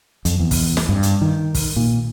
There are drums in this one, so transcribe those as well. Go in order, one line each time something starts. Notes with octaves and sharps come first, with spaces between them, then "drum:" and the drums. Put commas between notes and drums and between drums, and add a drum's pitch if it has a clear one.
F2, drum: hi-hat
E2
drum: kick, open hi-hat
drum: snare
G2
drum: hi-hat
D#3
drum: kick, open hi-hat
A#2